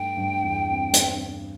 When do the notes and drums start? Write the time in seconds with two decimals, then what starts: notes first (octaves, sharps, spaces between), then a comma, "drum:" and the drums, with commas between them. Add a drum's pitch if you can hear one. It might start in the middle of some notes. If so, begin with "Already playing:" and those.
Already playing: G2 A3 G5
0.17 G2
0.43 E2
0.69 C4
0.93 drum: hi-hat